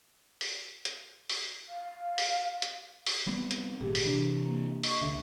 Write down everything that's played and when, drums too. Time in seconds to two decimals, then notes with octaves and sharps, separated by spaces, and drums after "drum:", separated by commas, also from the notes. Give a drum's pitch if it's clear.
0.41 drum: open hi-hat
0.85 drum: hi-hat
1.29 drum: open hi-hat
1.69 F5
2.18 drum: open hi-hat
2.62 drum: hi-hat
3.06 drum: open hi-hat
3.26 G3 B3 C4
3.51 drum: hi-hat
3.81 G#1 A#2 G4 G#4
3.95 drum: open hi-hat
4.05 C3 E3 D4
4.46 A#3
4.83 D#5 C#6, drum: open hi-hat
5.02 C#2 D3 E5